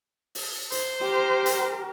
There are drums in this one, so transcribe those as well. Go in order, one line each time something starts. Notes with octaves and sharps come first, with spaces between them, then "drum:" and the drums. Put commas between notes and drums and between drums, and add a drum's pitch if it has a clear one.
drum: open hi-hat
C5, drum: hi-hat
G4 A#4
drum: hi-hat